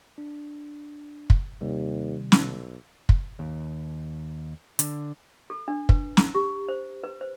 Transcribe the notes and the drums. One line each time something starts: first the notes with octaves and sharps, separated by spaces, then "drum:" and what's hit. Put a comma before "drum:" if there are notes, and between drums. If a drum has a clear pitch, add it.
D4
drum: kick
D#2 C3 D#3 G3
B1, drum: snare
drum: kick
D#2
D3, drum: hi-hat
A4
D4
B4, drum: kick
A#5, drum: snare
G4
C5
B4
C5